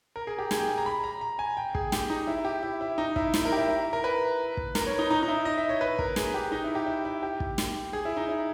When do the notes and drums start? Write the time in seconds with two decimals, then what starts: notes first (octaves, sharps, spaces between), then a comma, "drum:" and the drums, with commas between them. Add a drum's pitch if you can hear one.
0.16 A#4
0.27 G#4
0.39 G4
0.51 G#4, drum: snare
0.59 G5
0.69 G#5
0.78 A#5
0.86 B5
1.04 A#5
1.21 A#5
1.39 G#5
1.57 G5
1.75 G#4, drum: kick
1.92 G4, drum: snare
2.10 D#4
2.27 E4
2.45 G4
2.63 E4
2.81 E4
2.98 D#4
3.16 E4, drum: kick
3.34 E4, drum: snare
3.45 A#4
3.52 G4
3.57 E4
3.69 E4
3.93 A#4
4.04 B4
4.57 drum: kick
4.75 A#4, drum: snare
4.87 C#5
4.99 D#4
5.10 D#4
5.23 D#4
5.28 E4
5.45 D#5
5.58 E5
5.69 C#5
5.81 B4
5.99 A#4, drum: kick
6.16 G#4, drum: snare
6.34 G4
6.52 D#4
6.64 E4
6.75 G4
6.87 E4
7.05 E4
7.23 G4
7.40 drum: kick
7.58 drum: snare
7.93 G#4
8.05 E4
8.17 D#4
8.29 E4